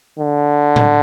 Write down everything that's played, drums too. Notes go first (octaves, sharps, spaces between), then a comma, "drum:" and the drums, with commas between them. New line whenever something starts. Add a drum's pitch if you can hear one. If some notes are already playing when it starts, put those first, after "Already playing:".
D3
drum: tom A2